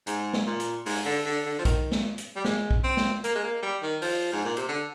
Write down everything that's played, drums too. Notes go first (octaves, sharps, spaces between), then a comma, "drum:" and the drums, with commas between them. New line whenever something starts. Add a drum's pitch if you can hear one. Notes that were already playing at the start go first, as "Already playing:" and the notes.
G#2, drum: hi-hat
drum: snare
A#2
drum: hi-hat
G#2, drum: open hi-hat
D3
D3
D3
F3
D#3, drum: kick, hi-hat
drum: snare
drum: hi-hat
G3
G#3, drum: snare
drum: kick
C4
drum: snare
A#3, drum: hi-hat
G#3
A#3
G3
D#3
F3, drum: open hi-hat
G#2
A#2
C3, drum: hi-hat
D3